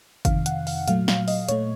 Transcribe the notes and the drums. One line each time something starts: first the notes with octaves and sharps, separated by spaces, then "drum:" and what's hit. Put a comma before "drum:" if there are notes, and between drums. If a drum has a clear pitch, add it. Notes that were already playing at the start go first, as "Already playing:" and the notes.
F2 C3 D#3 F5, drum: kick G1, hi-hat
F#5, drum: hi-hat
F5, drum: open hi-hat
A#2 F#3 A3 F5, drum: hi-hat
F5, drum: snare
D#5, drum: open hi-hat
A#2 A3 C#5, drum: hi-hat